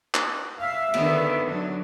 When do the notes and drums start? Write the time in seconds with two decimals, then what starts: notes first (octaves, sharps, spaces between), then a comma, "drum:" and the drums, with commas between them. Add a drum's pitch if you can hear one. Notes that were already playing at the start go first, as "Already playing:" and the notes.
0.15 drum: clap
0.61 E5 F5
0.94 D3 D#3 B3, drum: cymbal
1.49 F#3 D4